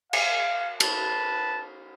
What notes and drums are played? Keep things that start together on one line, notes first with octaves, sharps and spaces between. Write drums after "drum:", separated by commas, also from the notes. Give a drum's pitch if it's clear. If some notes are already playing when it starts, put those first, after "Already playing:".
F5, drum: cymbal
B4 A5, drum: cymbal